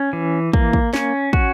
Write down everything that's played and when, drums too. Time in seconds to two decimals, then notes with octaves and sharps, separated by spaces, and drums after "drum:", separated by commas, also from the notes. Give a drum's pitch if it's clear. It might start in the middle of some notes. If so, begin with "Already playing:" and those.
Already playing: C#4
0.13 E3
0.53 A#3, drum: kick
0.73 drum: kick
0.94 C#4, drum: snare
1.33 F#4, drum: kick